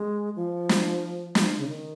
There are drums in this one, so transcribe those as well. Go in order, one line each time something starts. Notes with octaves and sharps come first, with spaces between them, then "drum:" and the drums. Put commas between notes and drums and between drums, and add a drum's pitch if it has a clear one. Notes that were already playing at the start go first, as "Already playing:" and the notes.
Already playing: G#3
F3
drum: snare
F3, drum: snare
C#3
D#3